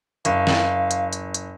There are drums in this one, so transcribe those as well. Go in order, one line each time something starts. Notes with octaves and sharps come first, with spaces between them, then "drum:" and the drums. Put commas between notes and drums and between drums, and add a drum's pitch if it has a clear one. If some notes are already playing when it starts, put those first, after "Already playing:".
F#1 F5, drum: hi-hat
drum: snare
drum: hi-hat
drum: hi-hat
drum: hi-hat